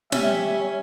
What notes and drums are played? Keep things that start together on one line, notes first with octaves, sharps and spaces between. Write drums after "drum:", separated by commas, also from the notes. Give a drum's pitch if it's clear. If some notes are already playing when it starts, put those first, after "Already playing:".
G3 C#4 C#5 E5, drum: snare